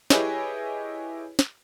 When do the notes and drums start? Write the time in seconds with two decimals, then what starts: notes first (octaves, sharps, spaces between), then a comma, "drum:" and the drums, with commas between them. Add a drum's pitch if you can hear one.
0.10 E4 G4 G#4 B4 C#5 D#5, drum: snare
1.39 drum: snare